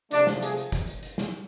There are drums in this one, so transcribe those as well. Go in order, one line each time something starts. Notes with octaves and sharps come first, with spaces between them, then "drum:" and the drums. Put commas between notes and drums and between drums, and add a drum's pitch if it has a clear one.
C3 F3 A3 D4, drum: hi-hat
drum: snare
G#4, drum: hi-hat
drum: hi-hat
drum: kick, hi-hat
drum: hi-hat
drum: hi-hat
drum: snare